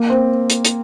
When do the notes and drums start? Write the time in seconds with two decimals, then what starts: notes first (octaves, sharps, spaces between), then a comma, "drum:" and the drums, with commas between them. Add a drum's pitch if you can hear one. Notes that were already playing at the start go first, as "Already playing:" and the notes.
Already playing: A#3
0.10 C4
0.50 drum: hi-hat
0.65 drum: hi-hat